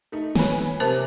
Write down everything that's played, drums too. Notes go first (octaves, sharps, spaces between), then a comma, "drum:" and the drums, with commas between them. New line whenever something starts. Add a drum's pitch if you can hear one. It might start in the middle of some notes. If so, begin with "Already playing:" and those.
A3 D#4
B4 C#5 G#5, drum: snare
C3 A#4 C5 A5